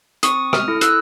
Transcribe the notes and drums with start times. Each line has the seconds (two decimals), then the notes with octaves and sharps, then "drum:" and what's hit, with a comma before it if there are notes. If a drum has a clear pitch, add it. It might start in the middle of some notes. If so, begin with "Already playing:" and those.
0.23 C4 C#6 D#6, drum: hi-hat
0.53 D#6 F6, drum: rim click
0.68 E4 A4
0.81 E6 F#6, drum: hi-hat